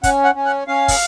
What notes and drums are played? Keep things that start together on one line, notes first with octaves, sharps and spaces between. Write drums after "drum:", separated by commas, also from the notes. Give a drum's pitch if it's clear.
C#4 F#5, drum: kick, hi-hat
F#5
C#4
F#5
C#4 F5
drum: kick, open hi-hat